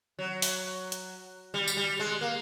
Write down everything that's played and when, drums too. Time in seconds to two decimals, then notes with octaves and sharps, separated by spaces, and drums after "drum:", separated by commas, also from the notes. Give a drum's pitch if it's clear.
0.19 F#3
0.42 drum: open hi-hat
0.92 drum: hi-hat
1.54 G3
1.68 drum: tambourine
1.77 G3
2.00 G#3
2.21 A#3